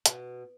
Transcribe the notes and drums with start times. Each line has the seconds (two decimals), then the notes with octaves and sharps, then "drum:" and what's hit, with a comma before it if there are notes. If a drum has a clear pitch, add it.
0.06 B2, drum: hi-hat